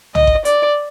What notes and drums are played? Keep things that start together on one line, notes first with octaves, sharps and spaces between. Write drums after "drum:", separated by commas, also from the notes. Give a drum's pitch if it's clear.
D#5, drum: tom
drum: kick G1
D5, drum: hi-hat